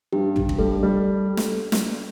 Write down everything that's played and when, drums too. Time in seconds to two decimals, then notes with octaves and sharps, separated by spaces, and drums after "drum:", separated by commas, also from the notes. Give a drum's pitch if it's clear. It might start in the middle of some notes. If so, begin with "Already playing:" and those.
0.13 G2 G4
0.36 G2, drum: tom
0.49 drum: kick
0.59 G3 A4
0.83 G3
1.37 drum: snare
1.72 drum: snare